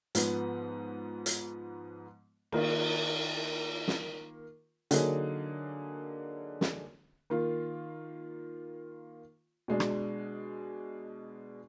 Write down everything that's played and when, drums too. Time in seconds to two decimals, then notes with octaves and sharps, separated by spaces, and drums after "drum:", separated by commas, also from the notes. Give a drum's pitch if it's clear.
0.15 G#2 F3 B3, drum: hi-hat
1.26 drum: hi-hat
2.52 D#3 A#3 F4 A#4, drum: cymbal
3.88 drum: snare
4.91 D3 F#3 A#3 D#4 G#4, drum: hi-hat
6.61 drum: snare
7.30 D#3 A#3 F4
9.68 B2 G#3 D4
9.80 drum: rim click